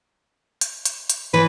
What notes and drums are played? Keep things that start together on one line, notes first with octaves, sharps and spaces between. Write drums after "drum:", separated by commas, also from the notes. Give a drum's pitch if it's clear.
drum: hi-hat
drum: hi-hat
drum: hi-hat
E3 B4